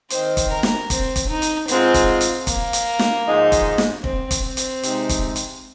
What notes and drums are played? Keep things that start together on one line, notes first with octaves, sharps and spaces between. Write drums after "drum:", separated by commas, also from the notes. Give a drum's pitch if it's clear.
D#3 C4 D#4 C5, drum: hi-hat
drum: kick, hi-hat
A#4
drum: snare
C4, drum: kick, hi-hat
drum: kick, hi-hat
D#4
drum: hi-hat
G#2 G#3 C4 F4, drum: hi-hat
drum: kick, hi-hat
drum: hi-hat
A#3, drum: kick, hi-hat
drum: hi-hat
drum: snare
G#2 F3 G#3 D#4
drum: kick, hi-hat
drum: snare
C4, drum: kick
drum: kick, hi-hat
C4
drum: hi-hat
C3 G#3 D#4, drum: hi-hat
drum: kick, hi-hat
drum: hi-hat